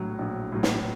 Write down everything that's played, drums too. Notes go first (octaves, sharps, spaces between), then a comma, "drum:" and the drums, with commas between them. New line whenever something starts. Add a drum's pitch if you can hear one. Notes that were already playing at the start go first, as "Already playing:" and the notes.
Already playing: A#1 A2 F#3
A#1
A2 F#3
drum: snare